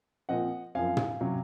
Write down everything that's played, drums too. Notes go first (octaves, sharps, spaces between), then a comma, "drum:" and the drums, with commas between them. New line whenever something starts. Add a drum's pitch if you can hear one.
A#2 F3 C4 D#5 F#5
F#2 F3 C4 F5 G#5
drum: tom
C3 F#3 C#4